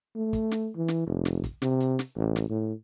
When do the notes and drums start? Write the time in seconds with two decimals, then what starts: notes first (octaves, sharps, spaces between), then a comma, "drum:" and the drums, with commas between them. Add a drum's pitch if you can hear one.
0.16 A3
0.33 drum: kick, hi-hat
0.51 drum: snare
0.76 E3
0.88 drum: snare
1.07 F1
1.25 drum: snare
1.44 drum: kick, hi-hat
1.62 C3, drum: snare
1.80 drum: hi-hat
1.99 drum: snare
2.16 A1
2.36 drum: snare
2.49 A2